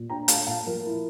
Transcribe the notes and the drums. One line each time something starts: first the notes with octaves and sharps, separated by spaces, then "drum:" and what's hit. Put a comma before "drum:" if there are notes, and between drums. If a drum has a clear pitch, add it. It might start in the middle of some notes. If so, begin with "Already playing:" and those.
Already playing: A#2
D4 G5 A#5
A3 F5 A5, drum: hi-hat
A#2 F5 A5
F3 A#4
E4